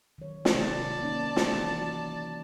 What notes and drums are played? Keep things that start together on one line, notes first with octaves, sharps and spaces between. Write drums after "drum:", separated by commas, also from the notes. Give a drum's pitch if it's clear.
D#3 F#3 C#5
drum: snare
C3 D5 A5
A#3 C#4 D#4
drum: snare
E3 F#4